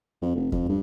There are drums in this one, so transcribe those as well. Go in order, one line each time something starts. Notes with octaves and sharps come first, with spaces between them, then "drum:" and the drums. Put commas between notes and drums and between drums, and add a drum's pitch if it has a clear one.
F2
F1
F2, drum: kick E2
G2